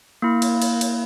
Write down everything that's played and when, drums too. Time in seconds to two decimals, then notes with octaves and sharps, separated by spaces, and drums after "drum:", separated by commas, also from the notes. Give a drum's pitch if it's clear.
0.22 A#3 E4
0.42 drum: cymbal
0.62 drum: cymbal
0.81 drum: cymbal